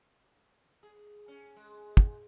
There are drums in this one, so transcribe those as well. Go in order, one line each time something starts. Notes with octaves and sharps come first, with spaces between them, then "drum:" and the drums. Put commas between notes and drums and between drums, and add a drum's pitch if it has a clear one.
G#4
C#4
G#3
drum: kick